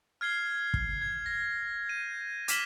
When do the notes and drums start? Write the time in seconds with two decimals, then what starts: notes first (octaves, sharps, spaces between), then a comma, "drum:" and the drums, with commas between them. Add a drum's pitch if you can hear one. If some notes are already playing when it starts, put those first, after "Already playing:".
0.21 F6 G#6 C7 G7
0.74 drum: kick
1.02 G#6
1.26 A#6
1.86 G6 D#7
2.48 D6 F6 B6 E7 F#7 G7, drum: hi-hat